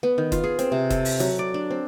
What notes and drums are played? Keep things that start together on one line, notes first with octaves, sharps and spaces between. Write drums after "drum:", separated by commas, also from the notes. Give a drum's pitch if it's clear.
B3
D#3
F4, drum: kick F#1, hi-hat
G#4
C4, drum: hi-hat
C3
A4, drum: kick F#1, hi-hat
drum: open hi-hat
F#3, drum: hi-hat
D5
D4
C4